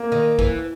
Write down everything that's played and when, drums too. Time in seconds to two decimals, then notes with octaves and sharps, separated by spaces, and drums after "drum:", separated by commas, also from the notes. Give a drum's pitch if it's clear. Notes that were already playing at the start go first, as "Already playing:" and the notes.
Already playing: A#3
0.12 D#3
0.39 E3, drum: kick